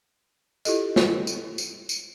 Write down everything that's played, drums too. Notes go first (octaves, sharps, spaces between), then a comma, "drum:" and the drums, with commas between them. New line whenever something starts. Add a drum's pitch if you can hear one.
E4 F4 G4 A4 D#5, drum: tambourine
drum: snare
drum: tambourine
drum: tambourine
drum: tambourine